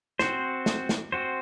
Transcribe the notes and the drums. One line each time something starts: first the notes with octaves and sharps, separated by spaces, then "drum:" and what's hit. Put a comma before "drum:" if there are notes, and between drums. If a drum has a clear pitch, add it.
C4 F#4 C5, drum: snare
drum: snare
drum: snare
C4 F#4 C5